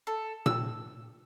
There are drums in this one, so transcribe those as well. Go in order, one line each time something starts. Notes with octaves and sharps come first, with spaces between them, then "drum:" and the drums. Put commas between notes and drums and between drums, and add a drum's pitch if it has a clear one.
A4
E6, drum: tom A#2